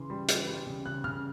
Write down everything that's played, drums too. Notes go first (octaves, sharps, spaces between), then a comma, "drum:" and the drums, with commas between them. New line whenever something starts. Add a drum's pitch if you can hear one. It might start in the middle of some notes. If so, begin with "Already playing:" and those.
Already playing: C#3 E3 C6
G3
E3, drum: hi-hat
G3
C#3
C#3 F#6
C#3 F6